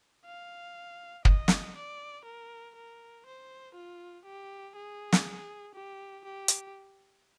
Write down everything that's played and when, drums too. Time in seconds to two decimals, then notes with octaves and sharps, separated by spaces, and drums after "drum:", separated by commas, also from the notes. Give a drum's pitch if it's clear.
0.26 F5
1.25 D#5, drum: kick
1.48 drum: snare
1.76 D5
2.25 A#4
2.75 A#4
3.26 C5
3.75 F4
4.25 G4
4.75 G#4
5.13 drum: snare
5.75 G4
6.25 G4
6.48 drum: hi-hat